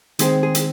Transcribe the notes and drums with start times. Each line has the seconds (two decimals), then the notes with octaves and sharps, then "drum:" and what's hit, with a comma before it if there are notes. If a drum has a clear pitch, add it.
0.19 D#3 G#3 C4 G#4, drum: hi-hat
0.43 G#4
0.55 drum: hi-hat